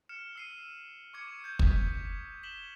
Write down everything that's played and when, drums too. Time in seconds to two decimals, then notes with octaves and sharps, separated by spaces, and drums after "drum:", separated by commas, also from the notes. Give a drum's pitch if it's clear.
0.09 F6 C#7 E7
0.36 E6 C7 D#7
1.13 C#6 D6 G#6 C#7
1.44 G6 G#6
1.59 D#6 B6, drum: kick
2.43 B6 E7 F#7 G7